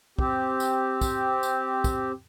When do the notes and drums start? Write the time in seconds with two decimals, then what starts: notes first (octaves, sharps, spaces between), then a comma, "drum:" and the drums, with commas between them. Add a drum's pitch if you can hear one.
0.19 C4 G4, drum: kick
0.60 drum: tambourine
1.01 drum: kick, tambourine
1.43 drum: tambourine
1.84 drum: kick, tambourine